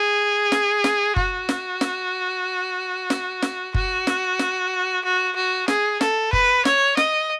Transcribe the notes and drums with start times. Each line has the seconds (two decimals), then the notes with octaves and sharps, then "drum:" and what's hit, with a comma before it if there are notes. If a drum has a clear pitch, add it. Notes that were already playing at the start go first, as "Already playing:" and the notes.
Already playing: G#4
0.52 drum: snare
0.84 drum: snare
1.16 F#4, drum: kick
1.49 drum: snare
1.81 drum: snare
3.10 drum: snare
3.42 drum: snare
3.74 F#4, drum: kick
4.07 drum: snare
4.39 drum: snare
5.04 F#4
5.36 F#4
5.68 G#4, drum: snare
6.01 A4, drum: snare
6.33 B4, drum: kick
6.65 C#5, drum: snare
6.97 D#5, drum: snare